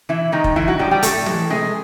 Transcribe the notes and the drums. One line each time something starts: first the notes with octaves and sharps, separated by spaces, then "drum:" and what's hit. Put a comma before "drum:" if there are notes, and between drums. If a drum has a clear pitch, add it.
B2 E3 E4
D#3 G#3 D#4
drum: kick
D3 E3 E4
F#3 F#4
F3 G3 G#3 G4
G3 G4
A2 A3 A4, drum: hi-hat
E3 G#3, drum: tom
C3 G#3 G#4